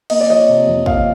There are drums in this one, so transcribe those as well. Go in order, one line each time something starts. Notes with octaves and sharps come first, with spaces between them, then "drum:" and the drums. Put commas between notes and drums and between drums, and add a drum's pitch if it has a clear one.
A#3 D#5, drum: cymbal
D5
F3 C#5 D#5
C3
F2
A#3 D#5 F5, drum: kick